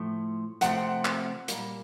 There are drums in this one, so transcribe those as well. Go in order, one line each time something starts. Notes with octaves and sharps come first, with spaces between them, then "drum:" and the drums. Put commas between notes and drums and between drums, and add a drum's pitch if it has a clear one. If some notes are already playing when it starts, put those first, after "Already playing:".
Already playing: A2 F3 A3
C3 F3 A3 C4 F#5, drum: hi-hat
drum: clap
A#2 G3 A#3, drum: hi-hat